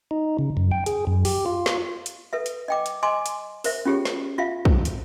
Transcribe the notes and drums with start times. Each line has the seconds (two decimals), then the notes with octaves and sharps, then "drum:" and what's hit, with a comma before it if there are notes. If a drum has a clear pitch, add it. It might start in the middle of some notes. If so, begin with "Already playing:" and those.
0.11 D#4
0.39 C#3
0.57 F#2
0.72 G5
0.86 G#4, drum: hi-hat
1.07 F#2
1.25 G4, drum: open hi-hat
1.46 F4
1.66 drum: snare
2.06 drum: hi-hat
2.33 A4 B4 E5
2.46 drum: hi-hat
2.68 D#5 G5 D6
2.86 drum: hi-hat
3.03 D#5 G#5 C6 D6
3.26 drum: hi-hat
3.64 A#4 C5 E5, drum: open hi-hat
3.86 C#4 F4 G4 G#4 C#5
4.05 drum: snare
4.38 F4 E5 F5
4.65 drum: kick
4.85 drum: hi-hat